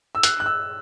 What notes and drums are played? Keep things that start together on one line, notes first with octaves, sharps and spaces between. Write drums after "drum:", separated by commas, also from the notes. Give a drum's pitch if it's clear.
E6
F#6, drum: hi-hat
F#6
E6